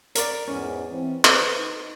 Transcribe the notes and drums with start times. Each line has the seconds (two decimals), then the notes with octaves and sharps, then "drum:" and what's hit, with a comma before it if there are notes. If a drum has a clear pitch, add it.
0.15 A#4 D5, drum: hi-hat
0.48 E2 G#2 C#4
0.90 E3 C4
1.25 B4 C5, drum: clap
1.59 D#4